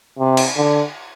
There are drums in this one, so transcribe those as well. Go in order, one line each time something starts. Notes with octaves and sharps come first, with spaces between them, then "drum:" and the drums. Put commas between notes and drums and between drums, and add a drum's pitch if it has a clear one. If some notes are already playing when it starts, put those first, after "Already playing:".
C3
drum: cymbal
D3